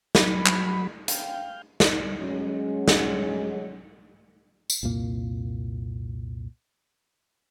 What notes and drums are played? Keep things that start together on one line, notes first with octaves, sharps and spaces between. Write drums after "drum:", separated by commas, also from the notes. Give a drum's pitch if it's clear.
F#3 B5, drum: snare
drum: clap
F5 G5, drum: hi-hat
drum: snare
F#3 G#3 C#4
drum: snare
drum: tambourine
C2 F2 A#2 A#3